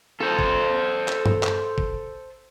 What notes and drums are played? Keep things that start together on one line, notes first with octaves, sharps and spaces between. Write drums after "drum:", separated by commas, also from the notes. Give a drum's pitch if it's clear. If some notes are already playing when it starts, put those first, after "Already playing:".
A4 C5
drum: kick
drum: clap
drum: tom G2
drum: clap
drum: kick